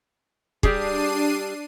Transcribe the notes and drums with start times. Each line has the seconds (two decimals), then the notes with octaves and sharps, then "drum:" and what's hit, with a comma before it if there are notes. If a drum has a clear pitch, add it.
0.63 G3 D4 G4 G#4 C7 D#7, drum: kick